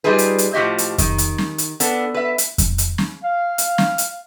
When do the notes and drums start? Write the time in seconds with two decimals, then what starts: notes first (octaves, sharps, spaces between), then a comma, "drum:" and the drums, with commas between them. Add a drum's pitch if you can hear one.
0.04 G3 D#4 F4 G#4 B4
0.18 drum: hi-hat
0.38 drum: hi-hat
0.54 A2 F3 F#4 G4 D#5
0.78 drum: hi-hat
0.98 D#3, drum: kick F2, hi-hat
1.18 drum: hi-hat
1.38 drum: snare
1.58 drum: hi-hat
1.80 B3 D4 A4, drum: hi-hat
2.14 B4 E5
2.38 drum: hi-hat
2.58 drum: kick F2, hi-hat
2.78 drum: hi-hat
2.98 drum: snare
3.24 F5
3.58 drum: hi-hat
3.78 drum: snare
3.98 drum: hi-hat